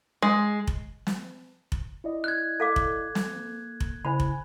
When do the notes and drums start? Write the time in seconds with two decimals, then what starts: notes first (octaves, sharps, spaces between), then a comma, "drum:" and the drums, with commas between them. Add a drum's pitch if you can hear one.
0.22 G#3
0.67 drum: kick F1
1.07 drum: snare
1.72 drum: kick F1
2.04 E4 D5 D#5
2.24 F#6 G#6
2.60 A4 F5 D6
2.76 drum: kick F1
3.15 drum: snare
3.36 A#3
3.80 drum: kick F1
4.05 C#3 E4 C5 G#5 B5
4.20 drum: kick F1